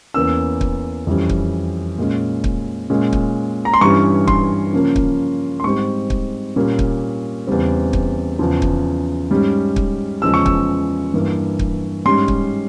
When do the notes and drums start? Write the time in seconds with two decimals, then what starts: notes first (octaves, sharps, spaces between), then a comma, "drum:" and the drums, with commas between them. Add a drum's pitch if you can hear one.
0.14 E2 E3 A#3 C#4 E6
0.61 drum: kick
1.07 F2 E3 G3 C#4
1.29 drum: kick
1.98 A#2 G#3 C#4
2.44 drum: kick
2.90 A#2 G#3 C#4
3.13 drum: kick
3.65 A#5
3.74 C6
3.81 G2 E3 G3 C#4 C#6
4.28 C6, drum: kick
4.73 C#3 F3 A#3 C#4
4.96 drum: kick
5.60 C6
5.64 G#2 G3 C4 C#6
6.10 drum: kick
6.56 A#2 G3 A#3 C#4
6.79 drum: kick
7.47 E2 C#3 G3 C4
7.93 drum: kick
8.39 E2 C#3 F3
8.62 drum: kick
9.31 G#2 G3 C#4
9.76 drum: kick
10.22 E2 C#3 F3 G#3 C#4 E6
10.34 C#6
10.46 E6, drum: kick
11.14 G2 E3 A#3
11.59 drum: kick
12.05 G#2 G3 C#4 C6
12.28 drum: kick